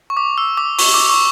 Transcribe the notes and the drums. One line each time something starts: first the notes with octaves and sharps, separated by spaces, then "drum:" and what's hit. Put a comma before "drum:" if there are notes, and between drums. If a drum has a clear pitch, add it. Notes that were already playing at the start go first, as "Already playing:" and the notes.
C#6
D6
E6
D6
C#6, drum: open hi-hat
D6
C#6